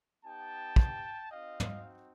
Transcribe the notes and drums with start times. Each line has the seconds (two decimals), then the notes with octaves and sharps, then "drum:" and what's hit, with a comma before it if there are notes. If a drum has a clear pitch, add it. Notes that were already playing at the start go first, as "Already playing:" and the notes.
0.24 B3 D#4 G4 G5 A5
0.76 drum: kick
1.32 C4 D#4 F#4 D#5 F5
1.60 drum: tom